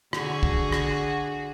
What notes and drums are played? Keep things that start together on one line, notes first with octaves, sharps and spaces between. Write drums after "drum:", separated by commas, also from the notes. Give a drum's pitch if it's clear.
D3 F#4 G#4, drum: rim click
drum: kick
drum: rim click